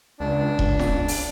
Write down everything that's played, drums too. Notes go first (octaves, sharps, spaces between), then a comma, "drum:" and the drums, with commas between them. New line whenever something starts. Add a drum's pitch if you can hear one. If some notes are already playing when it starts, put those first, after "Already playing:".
C#2 D4
drum: kick E1
drum: snare
drum: open hi-hat